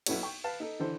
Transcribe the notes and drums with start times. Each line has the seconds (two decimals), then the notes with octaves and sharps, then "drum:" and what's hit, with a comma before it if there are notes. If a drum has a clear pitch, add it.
0.06 B1 B2 B3 E4 A4 C#5, drum: cymbal
0.23 G5 C#6
0.44 B4 F5 A5
0.60 D#4 A4
0.80 D3 E3 A4 C5